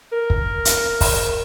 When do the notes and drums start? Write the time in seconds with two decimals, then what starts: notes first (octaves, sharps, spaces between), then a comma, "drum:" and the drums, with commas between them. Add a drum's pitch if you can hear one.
0.12 A#4
0.30 drum: kick
0.65 drum: hi-hat
1.01 drum: kick, open hi-hat